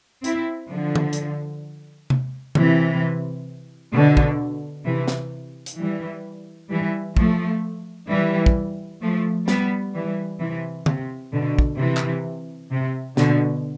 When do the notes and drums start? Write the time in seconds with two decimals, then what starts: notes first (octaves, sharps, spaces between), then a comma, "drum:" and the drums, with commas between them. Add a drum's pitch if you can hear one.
0.24 C4 E4, drum: hi-hat
0.70 D3 F3
0.96 drum: tom D3
1.13 drum: hi-hat
2.10 drum: tom C3
2.55 C3 E3, drum: tom D3
3.94 B2 D3
4.17 drum: kick
4.86 C3 E3
5.08 drum: snare
5.66 drum: hi-hat
5.79 E3 G3
6.70 E3 G3
7.17 F3 A3, drum: kick
8.10 E3 G3
8.46 drum: kick
9.01 F3 A3
9.48 G3 B3, drum: snare
9.95 E3 G3
10.40 C3 E3
10.86 C3, drum: tom D3
11.32 B2 D3
11.59 drum: kick
11.79 C3 E3
11.97 drum: clap
12.71 C3
13.17 B2 D3, drum: snare